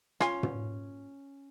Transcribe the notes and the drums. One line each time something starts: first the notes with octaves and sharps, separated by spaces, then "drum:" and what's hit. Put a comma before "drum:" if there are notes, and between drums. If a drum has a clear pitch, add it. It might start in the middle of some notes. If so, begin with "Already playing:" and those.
C#4 F4 G#5 C6, drum: rim click
drum: tom